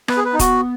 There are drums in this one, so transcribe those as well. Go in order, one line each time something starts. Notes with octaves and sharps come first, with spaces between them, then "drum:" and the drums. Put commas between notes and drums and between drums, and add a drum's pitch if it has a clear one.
B3 B4, drum: rim click
G#4
B4
D#4
F#4, drum: kick D#1, hi-hat